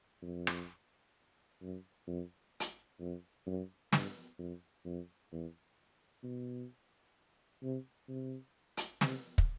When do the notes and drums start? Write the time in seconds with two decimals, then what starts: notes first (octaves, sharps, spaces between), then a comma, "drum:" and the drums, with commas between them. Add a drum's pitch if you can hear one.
0.22 F2
0.47 drum: rim click
1.62 F#2
2.07 F2
2.60 drum: hi-hat
3.00 F2
3.47 F#2
3.93 G2, drum: snare
4.38 F2
4.85 F2
5.32 E2
6.24 B2
7.63 C3
8.09 C3
8.77 drum: hi-hat
9.01 C3, drum: snare
9.38 drum: kick